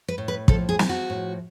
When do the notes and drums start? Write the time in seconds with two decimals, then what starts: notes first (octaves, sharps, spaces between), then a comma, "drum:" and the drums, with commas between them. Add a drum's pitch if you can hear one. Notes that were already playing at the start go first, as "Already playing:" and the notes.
0.08 B4
0.18 A2
0.28 B4
0.48 F3 A4, drum: kick
0.69 G#4
0.79 F3, drum: snare
0.89 F#4
1.10 A2